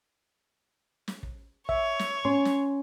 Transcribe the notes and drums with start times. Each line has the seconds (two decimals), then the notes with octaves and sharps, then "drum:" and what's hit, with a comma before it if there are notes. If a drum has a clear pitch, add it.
1.08 drum: snare
1.23 drum: kick
1.69 C#5 E5, drum: kick
1.99 drum: snare
2.25 C#4 C6
2.45 drum: snare